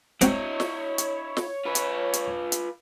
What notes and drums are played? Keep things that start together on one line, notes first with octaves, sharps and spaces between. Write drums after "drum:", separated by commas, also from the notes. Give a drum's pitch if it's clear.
C4 E4 F#4 C#5 D#5, drum: hi-hat
drum: snare
drum: hi-hat
drum: snare
F4 B4
drum: hi-hat
drum: hi-hat
drum: hi-hat